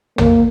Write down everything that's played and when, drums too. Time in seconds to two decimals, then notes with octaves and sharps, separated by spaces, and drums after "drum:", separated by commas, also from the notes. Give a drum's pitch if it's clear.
0.18 A#3, drum: tom